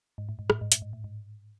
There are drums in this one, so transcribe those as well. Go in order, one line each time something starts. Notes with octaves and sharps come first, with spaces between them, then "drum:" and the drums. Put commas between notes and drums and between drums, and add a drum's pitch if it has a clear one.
G#2
A2
G#2
A2, drum: rim click
G#2
A2, drum: hi-hat
G#2
A2
G#2